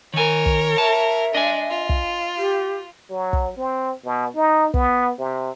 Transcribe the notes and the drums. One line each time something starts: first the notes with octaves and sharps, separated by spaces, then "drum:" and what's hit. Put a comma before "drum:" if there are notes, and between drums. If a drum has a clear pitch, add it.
D#3 A#4 C#5 G#5
drum: kick
E5 A5
D4 D#5 G#5
F4
drum: kick
G4
F#3
drum: kick
C4
B2
D#4
B3, drum: kick
C3